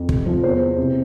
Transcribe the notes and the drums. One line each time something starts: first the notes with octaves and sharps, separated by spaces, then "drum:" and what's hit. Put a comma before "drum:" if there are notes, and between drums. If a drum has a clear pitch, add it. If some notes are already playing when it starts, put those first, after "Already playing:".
Already playing: F2
C3, drum: kick
F3
E2 C5
E2
C3